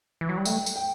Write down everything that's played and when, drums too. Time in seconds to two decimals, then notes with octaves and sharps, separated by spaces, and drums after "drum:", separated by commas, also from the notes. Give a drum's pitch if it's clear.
0.21 E3
0.29 F#3
0.37 G3
0.45 A3 G5, drum: tambourine
0.66 drum: tambourine
0.76 G5